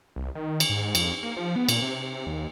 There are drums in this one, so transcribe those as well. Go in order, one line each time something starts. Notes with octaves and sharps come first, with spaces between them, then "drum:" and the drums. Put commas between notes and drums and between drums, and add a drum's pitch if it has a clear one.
C2
D#3
drum: cymbal
G#2
F2, drum: cymbal
A#3
F3
B3
A#2, drum: cymbal
C3
D#2